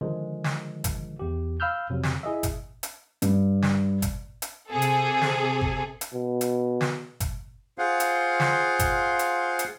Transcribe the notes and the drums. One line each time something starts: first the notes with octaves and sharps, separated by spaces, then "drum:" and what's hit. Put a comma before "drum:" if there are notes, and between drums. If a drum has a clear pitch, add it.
D3 D#3 F3 G#3
drum: snare
drum: kick G1, hi-hat
E2 G4
F5 B5 E6 F6 G6
F2 C3 F#3
drum: snare
E4 G#4 D#5 E5
drum: kick G1, hi-hat
drum: hi-hat
G2, drum: hi-hat
drum: snare
drum: kick G1, hi-hat
drum: hi-hat
C3 G#4 A4
drum: hi-hat
drum: snare
drum: kick G1
drum: hi-hat
B2
drum: hi-hat
drum: snare
drum: kick G1, hi-hat
F4 G#4 C5 F5 F#5
drum: hi-hat
drum: snare
drum: kick G1, hi-hat
drum: hi-hat
drum: hi-hat